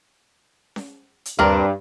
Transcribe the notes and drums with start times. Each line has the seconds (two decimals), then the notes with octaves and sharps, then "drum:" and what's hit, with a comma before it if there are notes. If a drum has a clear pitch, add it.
0.76 drum: snare C#4
1.25 drum: hi-hat
1.39 G2 C4 D4 A#4, drum: tom D#2